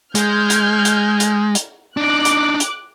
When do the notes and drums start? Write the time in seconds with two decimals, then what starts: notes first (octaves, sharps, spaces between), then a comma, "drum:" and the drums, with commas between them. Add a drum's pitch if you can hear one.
0.15 G#3 F6 G6 G#6, drum: hi-hat
0.50 drum: hi-hat
0.85 drum: hi-hat
1.20 drum: hi-hat
1.55 drum: hi-hat
1.97 D4 D#4 D6 F#6
2.25 drum: hi-hat
2.60 drum: hi-hat